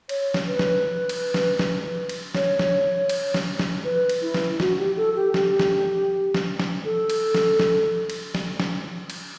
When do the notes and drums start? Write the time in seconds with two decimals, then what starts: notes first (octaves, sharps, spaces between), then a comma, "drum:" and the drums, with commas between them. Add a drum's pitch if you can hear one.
0.09 C#5, drum: cymbal
0.34 drum: snare
0.47 B4
0.59 drum: snare
1.09 drum: cymbal
1.34 drum: snare
1.59 drum: snare
2.09 drum: cymbal
2.35 C#5, drum: snare
2.59 drum: snare
3.09 drum: cymbal
3.34 drum: snare
3.59 drum: snare
3.84 B4
4.09 drum: cymbal
4.22 E4
4.34 drum: snare
4.60 F#4, drum: snare
4.78 G4
4.97 A4
5.15 G4
5.34 G4, drum: snare
5.60 drum: snare
6.35 drum: snare
6.60 drum: snare
6.85 A4
7.10 drum: cymbal
7.35 drum: snare
7.60 drum: snare
8.10 drum: cymbal
8.35 drum: snare
8.60 drum: snare
9.10 drum: cymbal